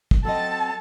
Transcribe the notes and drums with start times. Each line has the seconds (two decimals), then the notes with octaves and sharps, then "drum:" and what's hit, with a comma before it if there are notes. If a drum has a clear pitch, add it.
0.11 drum: kick
0.25 F#3 C4 A4 D#5 A5